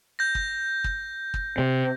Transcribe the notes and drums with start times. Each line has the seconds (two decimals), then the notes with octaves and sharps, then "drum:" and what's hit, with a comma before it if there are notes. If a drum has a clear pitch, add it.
0.19 G6 A#6
0.35 drum: kick
0.84 drum: kick
1.34 drum: kick
1.58 C3